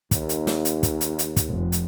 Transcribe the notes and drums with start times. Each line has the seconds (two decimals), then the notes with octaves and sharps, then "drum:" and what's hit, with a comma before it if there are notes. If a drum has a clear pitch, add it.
0.11 D#2, drum: kick, hi-hat
0.29 drum: hi-hat
0.47 drum: snare
0.65 drum: hi-hat
0.83 drum: kick, hi-hat
1.01 drum: hi-hat
1.19 drum: hi-hat
1.36 drum: kick, hi-hat
1.48 F1
1.72 drum: hi-hat